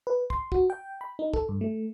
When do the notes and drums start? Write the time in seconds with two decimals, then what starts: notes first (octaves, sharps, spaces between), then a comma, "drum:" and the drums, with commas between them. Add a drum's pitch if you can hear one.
0.07 B4
0.30 C6, drum: kick
0.52 F#4, drum: kick
0.70 G5
1.01 B5
1.19 D#4
1.34 A4, drum: kick
1.49 G2
1.61 A3